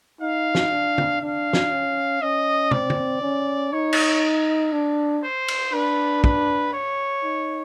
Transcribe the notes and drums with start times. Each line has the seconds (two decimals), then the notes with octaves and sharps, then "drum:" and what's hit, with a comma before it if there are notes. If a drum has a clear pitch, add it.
0.21 D#4 F5
0.55 drum: snare
0.71 D4
0.98 drum: tom
1.21 D4 F5
1.53 drum: snare
1.72 C#4
2.22 C#4 D#5
2.71 C4 D5, drum: tom
2.90 drum: tom
3.22 C#4
3.72 D#4 C#5
3.93 drum: cymbal
4.72 D4
5.23 C5
5.48 drum: cymbal
5.73 D4 B4
6.24 B4, drum: kick
6.73 C#5
7.24 D#4